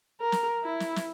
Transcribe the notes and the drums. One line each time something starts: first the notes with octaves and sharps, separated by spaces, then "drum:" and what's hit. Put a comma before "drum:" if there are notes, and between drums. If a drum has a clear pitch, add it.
A#4
drum: snare
E4
drum: snare
drum: snare